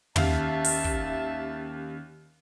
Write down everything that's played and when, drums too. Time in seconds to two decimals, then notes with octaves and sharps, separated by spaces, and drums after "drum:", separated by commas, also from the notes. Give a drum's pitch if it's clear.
0.16 D#2 C#4 G4 E5 F5 A5 C#6, drum: tom
0.65 drum: open hi-hat
0.84 drum: kick